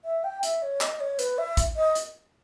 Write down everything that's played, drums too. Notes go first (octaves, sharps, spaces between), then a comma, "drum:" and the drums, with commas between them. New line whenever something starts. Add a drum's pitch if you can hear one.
E5
G5
E5, drum: hi-hat
C#5
D#5, drum: clap
C#5
B4, drum: hi-hat
E5
drum: kick G#1, hi-hat
D#5
drum: hi-hat